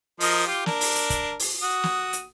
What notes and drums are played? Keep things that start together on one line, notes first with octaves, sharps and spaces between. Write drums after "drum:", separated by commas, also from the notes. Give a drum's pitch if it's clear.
F3 A#4 D#5, drum: open hi-hat
F4 G4
D4 A#4, drum: snare
drum: open hi-hat
drum: hi-hat
drum: kick, hi-hat
drum: open hi-hat
F#4 D#6
drum: snare
drum: hi-hat